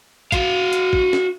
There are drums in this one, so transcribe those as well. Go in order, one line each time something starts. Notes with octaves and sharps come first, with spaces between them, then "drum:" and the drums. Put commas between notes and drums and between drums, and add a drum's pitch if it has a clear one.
F#4 F5, drum: kick, hi-hat
drum: hi-hat
drum: kick
drum: snare